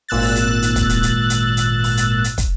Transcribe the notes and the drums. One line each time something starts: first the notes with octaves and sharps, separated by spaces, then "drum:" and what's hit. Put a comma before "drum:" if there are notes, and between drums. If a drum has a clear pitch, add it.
G#1 A#2 E6 F#6 A6
drum: open hi-hat
drum: hi-hat
drum: hi-hat
drum: kick, hi-hat
drum: hi-hat
drum: hi-hat
drum: hi-hat
drum: hi-hat
drum: open hi-hat
drum: hi-hat
drum: hi-hat
drum: kick, hi-hat